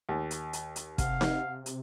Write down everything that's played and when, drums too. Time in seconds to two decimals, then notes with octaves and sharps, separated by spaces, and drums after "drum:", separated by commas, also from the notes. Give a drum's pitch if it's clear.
0.09 D#2
0.31 drum: hi-hat
0.53 drum: hi-hat
0.76 drum: hi-hat
0.98 C3 F5 F#5, drum: kick, hi-hat
1.21 drum: snare D#4
1.66 drum: hi-hat